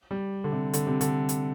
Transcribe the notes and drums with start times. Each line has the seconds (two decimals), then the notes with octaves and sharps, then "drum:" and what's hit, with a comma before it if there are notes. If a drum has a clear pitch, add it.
0.11 G3
0.44 D3
0.52 C3
0.73 D3, drum: hi-hat
0.87 C3
1.01 D3, drum: hi-hat
1.29 drum: hi-hat